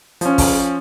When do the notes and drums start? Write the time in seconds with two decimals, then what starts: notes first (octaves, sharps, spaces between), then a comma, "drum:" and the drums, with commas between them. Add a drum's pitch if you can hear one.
0.21 F3 C#4, drum: hi-hat
0.38 drum: kick, open hi-hat